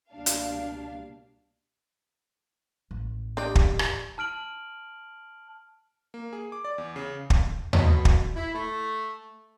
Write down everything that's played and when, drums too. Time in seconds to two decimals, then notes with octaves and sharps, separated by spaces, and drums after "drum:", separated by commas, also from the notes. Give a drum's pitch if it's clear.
0.12 C#2 B2 G3 A#3 D4 F5
0.26 drum: hi-hat
2.91 A1
3.37 D4 G4 D5 D#5 G5
3.55 drum: kick
3.79 drum: rim click
4.18 A5 F6 D7 F#7
6.14 A#3
6.33 G#4
6.52 D6
6.64 D5
6.78 E2
6.96 C#3
7.30 drum: kick
7.73 B2, drum: tom D#2
8.05 drum: kick
8.34 E4
8.54 A3